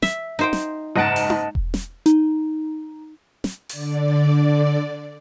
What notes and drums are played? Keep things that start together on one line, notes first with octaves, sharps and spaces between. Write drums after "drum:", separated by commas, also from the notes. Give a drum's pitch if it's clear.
E5, drum: snare
D#4 C5 G5
drum: snare
F#1 G#2 D#5 F#5 A5 D7
drum: open hi-hat
drum: tom D#4
drum: kick E1
drum: snare
D#4, drum: hi-hat
drum: snare
D3 D5, drum: open hi-hat